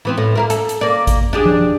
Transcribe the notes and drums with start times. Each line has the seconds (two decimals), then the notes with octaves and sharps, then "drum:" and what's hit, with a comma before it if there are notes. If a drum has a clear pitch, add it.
0.05 E3 B3 C4
0.18 A2
0.35 A#3 E4 A#4
0.50 A4, drum: hi-hat
0.69 drum: hi-hat
0.81 A#3 D5
1.07 drum: kick G#1, hi-hat
1.33 D4 G4 G#4
1.46 drum: tom F3